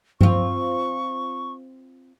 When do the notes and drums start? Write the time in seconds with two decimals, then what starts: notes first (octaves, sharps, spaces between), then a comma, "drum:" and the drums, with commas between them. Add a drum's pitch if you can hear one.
0.21 C4 F4 C#6, drum: tom G2